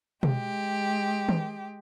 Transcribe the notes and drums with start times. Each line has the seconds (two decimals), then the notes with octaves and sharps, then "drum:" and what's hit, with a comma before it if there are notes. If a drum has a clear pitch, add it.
0.23 G#3 G4, drum: tom B2
1.29 drum: tom D#3